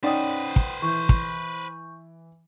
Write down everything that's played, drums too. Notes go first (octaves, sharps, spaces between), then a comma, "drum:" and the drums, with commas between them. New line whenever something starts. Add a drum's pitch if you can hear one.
C#4 D#4 B4 C5 D5 F#5 G5 D#6
drum: kick
E3 C#6 G6
drum: kick